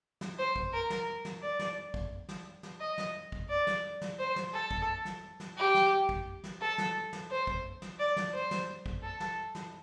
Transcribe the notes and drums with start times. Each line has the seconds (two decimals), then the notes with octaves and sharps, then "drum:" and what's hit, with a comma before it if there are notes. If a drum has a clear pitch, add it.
0.21 drum: snare
0.38 C5
0.56 drum: kick
0.73 A#4
0.90 drum: snare
1.25 drum: snare
1.42 D5
1.59 drum: snare
1.94 drum: kick
2.29 drum: snare
2.63 drum: snare
2.80 D#5
2.98 drum: snare
3.32 drum: kick
3.49 D5
3.67 drum: snare
4.01 drum: snare
4.19 C5
4.36 drum: snare
4.53 A4
4.71 drum: kick
5.05 drum: snare
5.40 drum: snare
5.57 G4
5.74 drum: snare
6.09 drum: kick
6.44 drum: snare
6.61 A4
6.78 drum: snare
7.13 drum: snare
7.30 C5
7.47 drum: kick
7.82 drum: snare
7.99 D5
8.16 drum: snare
8.33 C5
8.51 drum: snare
8.86 drum: kick
9.03 A4
9.20 drum: snare
9.55 drum: snare